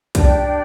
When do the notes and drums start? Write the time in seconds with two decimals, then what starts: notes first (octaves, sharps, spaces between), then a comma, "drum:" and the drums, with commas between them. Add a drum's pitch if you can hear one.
0.15 D4 G4 D5 G5, drum: kick, hi-hat